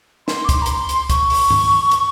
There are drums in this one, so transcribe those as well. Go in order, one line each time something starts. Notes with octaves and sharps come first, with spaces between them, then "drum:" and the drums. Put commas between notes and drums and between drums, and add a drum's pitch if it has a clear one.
C6, drum: snare
D6
C6, drum: kick C#2, hi-hat
A#5
C6, drum: hi-hat
drum: hi-hat
C#6, drum: kick C#2, hi-hat
drum: open hi-hat
drum: tom G2
drum: hi-hat